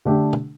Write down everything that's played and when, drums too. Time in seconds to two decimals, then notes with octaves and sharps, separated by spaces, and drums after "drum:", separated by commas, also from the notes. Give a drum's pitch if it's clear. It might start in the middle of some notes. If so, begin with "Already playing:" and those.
0.05 D3 A3 D4 G4
0.33 drum: tom